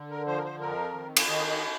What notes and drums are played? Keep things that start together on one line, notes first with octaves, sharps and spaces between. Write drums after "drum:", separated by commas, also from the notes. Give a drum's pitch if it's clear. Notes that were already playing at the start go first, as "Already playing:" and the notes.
Already playing: D3
A#4
F3 C5
A#4
C5
F2 A#4
D#3
drum: cymbal
D#3 D#5
D#5